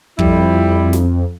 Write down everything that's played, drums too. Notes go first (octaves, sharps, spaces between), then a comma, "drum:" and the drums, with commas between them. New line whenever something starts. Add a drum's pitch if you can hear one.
F2 G3 E4, drum: kick
drum: snare